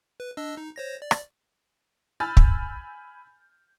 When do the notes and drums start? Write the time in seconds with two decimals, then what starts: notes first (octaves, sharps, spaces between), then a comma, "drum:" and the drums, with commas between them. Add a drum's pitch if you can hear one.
0.20 B4
0.37 D4 D#5 E6
0.57 D#4
0.76 C5 C#5 A#6
1.02 D5
1.11 drum: rim click
2.20 G#5 B5 E6 F6 G6 A6
2.37 drum: kick